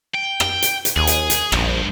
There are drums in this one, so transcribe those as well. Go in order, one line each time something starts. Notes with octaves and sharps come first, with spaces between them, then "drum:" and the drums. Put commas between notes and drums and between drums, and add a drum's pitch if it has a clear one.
G5
drum: rim click
drum: hi-hat
drum: hi-hat
D#2 G#4
drum: hi-hat
drum: hi-hat
A#1 G2 F3, drum: rim click